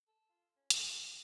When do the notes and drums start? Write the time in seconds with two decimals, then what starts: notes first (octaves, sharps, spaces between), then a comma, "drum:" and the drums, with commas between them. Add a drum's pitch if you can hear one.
0.07 A4
0.29 F4
0.56 C#4
0.70 A5, drum: hi-hat
0.84 F4
1.03 B3